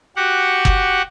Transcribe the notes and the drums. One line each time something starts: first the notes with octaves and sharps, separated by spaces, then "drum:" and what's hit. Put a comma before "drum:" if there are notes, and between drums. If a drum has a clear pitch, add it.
F#4 G4 F#5
drum: kick F#1